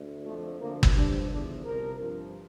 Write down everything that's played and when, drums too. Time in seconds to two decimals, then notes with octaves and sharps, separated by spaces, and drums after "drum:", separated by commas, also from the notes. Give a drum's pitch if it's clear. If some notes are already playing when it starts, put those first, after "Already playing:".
Already playing: D2
0.25 F2 D3 F3 A3
0.60 D2 D3 F3 A#3
0.83 drum: kick
0.94 G2 F3 D4
1.30 E2 D3 F3 D4
1.64 C2 C3 F3 A#4
2.00 G2 F3